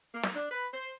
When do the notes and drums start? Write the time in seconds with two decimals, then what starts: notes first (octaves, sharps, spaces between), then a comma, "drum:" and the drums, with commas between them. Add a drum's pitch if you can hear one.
0.14 A#3
0.23 drum: snare
0.35 D4
0.51 B4
0.73 C5